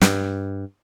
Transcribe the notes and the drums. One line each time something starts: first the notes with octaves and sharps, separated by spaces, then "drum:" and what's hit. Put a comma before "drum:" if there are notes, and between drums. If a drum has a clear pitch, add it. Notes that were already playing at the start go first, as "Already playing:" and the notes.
G2, drum: snare